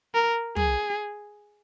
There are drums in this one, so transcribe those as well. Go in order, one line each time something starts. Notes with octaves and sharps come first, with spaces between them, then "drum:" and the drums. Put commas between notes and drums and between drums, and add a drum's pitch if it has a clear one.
A#4
G#4, drum: tom